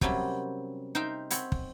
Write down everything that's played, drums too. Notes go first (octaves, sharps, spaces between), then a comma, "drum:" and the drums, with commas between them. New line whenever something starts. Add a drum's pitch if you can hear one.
C3 F#3 G3 A#3 C4 C#4, drum: kick
D#4 C5 E5 F5 G5
C4 C#5 F#5 B5, drum: hi-hat
drum: kick